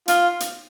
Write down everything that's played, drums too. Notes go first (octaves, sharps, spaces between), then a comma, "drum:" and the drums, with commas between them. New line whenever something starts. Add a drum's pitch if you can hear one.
F4, drum: hi-hat
drum: hi-hat